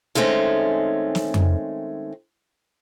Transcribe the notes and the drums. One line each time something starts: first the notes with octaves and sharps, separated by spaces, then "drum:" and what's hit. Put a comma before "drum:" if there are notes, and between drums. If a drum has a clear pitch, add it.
D#3 G#3 A3 C4 C#4
drum: snare
drum: tom F2